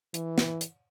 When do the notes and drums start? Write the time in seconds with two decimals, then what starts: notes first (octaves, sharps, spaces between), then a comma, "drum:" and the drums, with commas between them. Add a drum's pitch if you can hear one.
0.14 E3, drum: hi-hat
0.38 drum: snare
0.61 drum: hi-hat